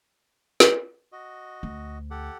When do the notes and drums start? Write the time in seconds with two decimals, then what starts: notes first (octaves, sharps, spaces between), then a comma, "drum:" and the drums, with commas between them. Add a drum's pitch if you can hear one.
0.60 drum: snare
1.12 F#4 D#5
1.63 D2
2.11 G4 A4 F#5